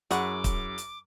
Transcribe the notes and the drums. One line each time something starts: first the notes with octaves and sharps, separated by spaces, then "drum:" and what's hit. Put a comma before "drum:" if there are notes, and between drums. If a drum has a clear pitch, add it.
F#2 E4 G#4 F#5 C#6 D6, drum: hi-hat
drum: kick, hi-hat
drum: hi-hat